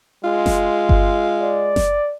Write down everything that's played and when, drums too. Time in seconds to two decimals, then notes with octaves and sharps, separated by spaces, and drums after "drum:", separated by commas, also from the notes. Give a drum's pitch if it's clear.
0.24 G#3 F4
0.46 drum: snare F#1
0.89 drum: kick G1
1.41 D5
1.76 drum: snare F#1